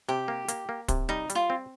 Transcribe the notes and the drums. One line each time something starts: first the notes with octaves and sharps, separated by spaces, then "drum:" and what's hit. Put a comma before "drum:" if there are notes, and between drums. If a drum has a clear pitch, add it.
C3 G4
A#3
A#3, drum: hi-hat
A#3
C3, drum: kick, hi-hat
G3 D#4
G3, drum: hi-hat
F4
C4